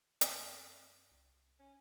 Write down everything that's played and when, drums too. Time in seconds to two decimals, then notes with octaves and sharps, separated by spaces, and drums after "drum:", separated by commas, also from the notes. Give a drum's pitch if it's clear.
0.21 F#2, drum: hi-hat
1.11 C2
1.59 C#4